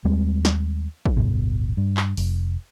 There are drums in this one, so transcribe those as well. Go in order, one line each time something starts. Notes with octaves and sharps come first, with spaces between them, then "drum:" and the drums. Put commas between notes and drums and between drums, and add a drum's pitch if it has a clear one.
D#2 G3 G#3 C4
drum: snare
drum: kick
D1 G1 B2
G2
drum: clap
F1, drum: open hi-hat